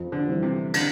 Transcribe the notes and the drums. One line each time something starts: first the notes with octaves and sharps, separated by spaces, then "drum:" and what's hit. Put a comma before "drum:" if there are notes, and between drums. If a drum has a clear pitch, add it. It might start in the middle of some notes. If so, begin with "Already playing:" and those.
Already playing: F2
D3
E3 G3 C4
C3
D3, drum: cymbal